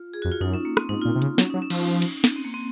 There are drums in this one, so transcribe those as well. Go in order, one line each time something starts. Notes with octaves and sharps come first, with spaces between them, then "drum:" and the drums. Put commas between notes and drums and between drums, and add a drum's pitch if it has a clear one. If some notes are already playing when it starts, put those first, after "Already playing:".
Already playing: F4
G#4
F2 F#4
F4
F#2 D#4
C#4
A#3
C4, drum: rim click
G#2 D#4
A#2 F4
C3
C#3, drum: hi-hat
F#3 C#4, drum: snare
F#3 D#4
C#4
F3, drum: cymbal
drum: cymbal
drum: snare
C4
A#3
C4